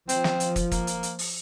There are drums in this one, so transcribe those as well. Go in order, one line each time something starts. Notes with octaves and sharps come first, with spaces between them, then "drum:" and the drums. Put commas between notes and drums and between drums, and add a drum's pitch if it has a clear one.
F3 C4, drum: hi-hat
drum: snare
drum: hi-hat
drum: kick, hi-hat
A#3, drum: kick, hi-hat
drum: hi-hat
drum: hi-hat
drum: open hi-hat